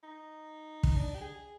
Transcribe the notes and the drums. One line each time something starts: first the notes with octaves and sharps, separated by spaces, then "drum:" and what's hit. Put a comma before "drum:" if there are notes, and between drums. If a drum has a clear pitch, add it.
D#4
drum: kick
D4
G4
G#4